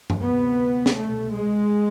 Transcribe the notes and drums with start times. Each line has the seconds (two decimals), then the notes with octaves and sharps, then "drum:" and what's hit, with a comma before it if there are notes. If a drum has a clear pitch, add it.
0.10 drum: tom G2
0.23 D2 C3 B3
0.86 drum: snare
0.96 C2 B2 A3
1.32 G#3